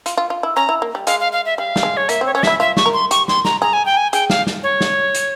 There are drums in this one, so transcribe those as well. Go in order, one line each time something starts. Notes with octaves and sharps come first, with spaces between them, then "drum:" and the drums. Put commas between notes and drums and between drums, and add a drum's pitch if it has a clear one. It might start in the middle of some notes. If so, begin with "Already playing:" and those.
F4, drum: hi-hat
F4
F4
E4
C#4 A#5
E4
A#3
G3
G#3 F5, drum: hi-hat
F5
F5
E5
G3 F5
G3, drum: snare
G#3
C#5
A#3 E5, drum: hi-hat
C4 C#5
C#4 C#5
E4 E5, drum: snare
F4 E5
C#6, drum: snare
A#4
C6
G4 C#6, drum: hi-hat
C6, drum: snare
A#5, drum: snare
G#4 A#5
G#5
G5
G#5
G#4 G5, drum: hi-hat
F5, drum: snare
drum: snare
C#5
drum: snare
drum: hi-hat